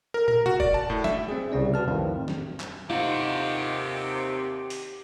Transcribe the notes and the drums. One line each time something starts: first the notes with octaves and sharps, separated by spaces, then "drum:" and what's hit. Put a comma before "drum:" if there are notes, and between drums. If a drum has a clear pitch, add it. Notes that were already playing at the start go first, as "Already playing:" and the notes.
A#4
A#4, drum: tom
F#4, drum: tom B2
D5, drum: kick F1
A5
A2
E5, drum: snare
C4 G#4
C2 C#3 C#4 D5
F#4 B4 A5 F6
F2 A2 D#3 C4
drum: snare
drum: clap
D#2 C3 D#4 F4 G4 F#5
drum: open hi-hat